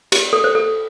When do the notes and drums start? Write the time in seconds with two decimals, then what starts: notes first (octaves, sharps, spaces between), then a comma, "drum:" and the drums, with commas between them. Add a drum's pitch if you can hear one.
0.12 G4, drum: cymbal
0.33 A4
0.44 C5
0.55 A4